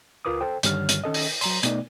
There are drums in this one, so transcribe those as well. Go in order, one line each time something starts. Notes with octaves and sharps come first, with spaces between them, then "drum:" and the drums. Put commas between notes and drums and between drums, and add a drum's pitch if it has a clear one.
C#2 F4 A#4 B4 D6 D#6
A4 C5 G5
G2 D3 D#3 G3 C#5 F6, drum: hi-hat
drum: hi-hat
D#3 C#4 A4 D#5
drum: open hi-hat
F#3 A#5 C6, drum: open hi-hat
B2 A3 B3 D#4 D5, drum: hi-hat